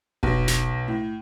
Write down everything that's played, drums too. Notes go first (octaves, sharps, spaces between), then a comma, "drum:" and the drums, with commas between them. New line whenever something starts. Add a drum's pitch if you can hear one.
B1, drum: kick F1
drum: snare
A2